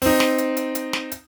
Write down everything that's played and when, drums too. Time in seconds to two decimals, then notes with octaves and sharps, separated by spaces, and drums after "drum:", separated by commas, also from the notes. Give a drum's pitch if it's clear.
0.02 C4 D#4, drum: open hi-hat
0.20 drum: snare
0.38 drum: hi-hat
0.57 drum: hi-hat
0.75 drum: hi-hat
0.93 drum: snare
1.12 drum: hi-hat